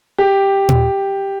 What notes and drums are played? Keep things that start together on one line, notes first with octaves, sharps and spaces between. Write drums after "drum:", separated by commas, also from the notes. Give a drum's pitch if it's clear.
G4
drum: tom A#2